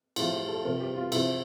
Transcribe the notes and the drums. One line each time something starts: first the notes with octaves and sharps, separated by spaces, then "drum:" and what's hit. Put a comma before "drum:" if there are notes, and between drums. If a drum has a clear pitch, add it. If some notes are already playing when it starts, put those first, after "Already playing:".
A2 F3 F4, drum: cymbal
G4
A4
C3 F3 A#4
G4
F4
C3 F3 E4, drum: cymbal